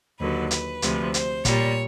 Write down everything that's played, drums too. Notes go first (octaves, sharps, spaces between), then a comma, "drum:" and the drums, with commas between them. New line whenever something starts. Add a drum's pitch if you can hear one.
D#2 D3 F#3 B4
B4, drum: hi-hat
D2 C3 F3, drum: hi-hat
C5, drum: hi-hat
A#2 G3 C#5, drum: kick, hi-hat